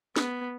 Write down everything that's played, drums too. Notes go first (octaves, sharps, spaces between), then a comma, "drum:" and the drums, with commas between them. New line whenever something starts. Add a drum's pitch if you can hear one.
B3, drum: snare